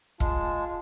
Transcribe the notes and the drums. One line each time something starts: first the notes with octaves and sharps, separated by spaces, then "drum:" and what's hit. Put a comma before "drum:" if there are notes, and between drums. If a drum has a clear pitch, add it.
G#3 F4 A5, drum: kick